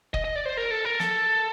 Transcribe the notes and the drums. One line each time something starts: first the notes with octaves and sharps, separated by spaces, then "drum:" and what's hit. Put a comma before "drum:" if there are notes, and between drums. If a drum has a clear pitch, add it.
D#5, drum: kick
D#5
D5
C5
A#4
A4
A#4
A4, drum: snare